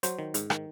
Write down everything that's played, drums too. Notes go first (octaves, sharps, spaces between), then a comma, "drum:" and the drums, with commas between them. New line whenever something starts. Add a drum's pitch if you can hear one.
F#3 C5, drum: hi-hat
D#3
G#2, drum: hi-hat
D#3, drum: rim click